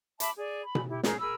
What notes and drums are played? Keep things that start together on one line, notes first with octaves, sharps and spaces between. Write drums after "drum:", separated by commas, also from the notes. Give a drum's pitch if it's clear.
E5 A5 B5 D6, drum: hi-hat
G#4 D5
B5
drum: tom B2
E4 G4
C#4 D#4 G#4 A#4, drum: snare
G#4 A#4 B5 E6